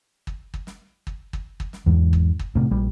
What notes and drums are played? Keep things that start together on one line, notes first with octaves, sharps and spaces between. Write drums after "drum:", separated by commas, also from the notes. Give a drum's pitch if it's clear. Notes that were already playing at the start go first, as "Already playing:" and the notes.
drum: kick
drum: kick
drum: snare
drum: kick
drum: kick
drum: kick
drum: snare
E2 G#2
drum: kick
drum: kick
A2 C3
A#1 G3